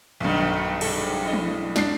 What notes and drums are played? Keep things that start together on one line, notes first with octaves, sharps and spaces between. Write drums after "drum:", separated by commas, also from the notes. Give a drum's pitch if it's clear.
B1 G2 B2 D#3 A3
G#2 C3 A4, drum: cymbal
E4 D#5
drum: tom
D4 C7, drum: snare